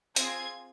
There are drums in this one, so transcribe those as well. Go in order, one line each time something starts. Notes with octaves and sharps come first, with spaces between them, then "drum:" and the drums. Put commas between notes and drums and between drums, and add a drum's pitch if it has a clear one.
C4 F4 G#4 G#6, drum: hi-hat